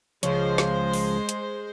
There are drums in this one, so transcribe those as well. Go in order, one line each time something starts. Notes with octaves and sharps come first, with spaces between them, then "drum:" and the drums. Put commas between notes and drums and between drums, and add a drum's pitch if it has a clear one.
C#2 F3 G#3 C5 C#5, drum: hi-hat
drum: snare
drum: open hi-hat
drum: hi-hat